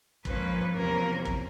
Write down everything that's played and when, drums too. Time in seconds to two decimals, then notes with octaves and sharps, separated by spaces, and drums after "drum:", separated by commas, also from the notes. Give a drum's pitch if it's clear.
0.25 G#2 F3 A#3 C#4 B4, drum: kick
0.75 E2 C3 F3 A#3 C#4 A#4
1.25 drum: kick